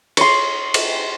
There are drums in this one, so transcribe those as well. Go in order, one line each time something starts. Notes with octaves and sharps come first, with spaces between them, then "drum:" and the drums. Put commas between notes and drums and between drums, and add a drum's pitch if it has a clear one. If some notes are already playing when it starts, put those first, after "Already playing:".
C#5 C6, drum: cymbal
drum: cymbal